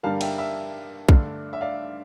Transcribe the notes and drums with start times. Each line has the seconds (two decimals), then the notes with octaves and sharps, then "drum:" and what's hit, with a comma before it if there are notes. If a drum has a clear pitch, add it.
0.03 G2 D3 G3 A#3 F5 A5
0.21 E5 G5, drum: cymbal
0.38 E5
1.09 G2 D3 A3 D4, drum: kick
1.53 E5
1.61 D5 F5